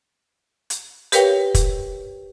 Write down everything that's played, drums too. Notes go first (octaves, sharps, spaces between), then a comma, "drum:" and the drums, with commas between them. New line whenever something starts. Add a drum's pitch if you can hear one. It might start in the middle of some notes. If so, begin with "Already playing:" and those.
drum: hi-hat
G4 A#4 B4 C#5 F5 G5, drum: hi-hat
drum: kick, hi-hat